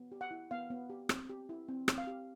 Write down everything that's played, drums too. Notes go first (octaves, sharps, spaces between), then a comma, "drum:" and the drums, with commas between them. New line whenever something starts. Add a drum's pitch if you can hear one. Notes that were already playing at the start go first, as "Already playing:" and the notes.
Already playing: B3
G4
F#5
E4
B3 F5
B3
G4
C4, drum: rim click
G4
E4
C4
C4, drum: rim click
F5
G4